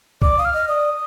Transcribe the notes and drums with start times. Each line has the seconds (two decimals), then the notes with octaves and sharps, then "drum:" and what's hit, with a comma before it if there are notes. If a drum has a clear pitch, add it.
0.22 D5 D6, drum: kick
0.38 F5 D#6
0.45 F6
0.53 D#5
0.69 D5 D#6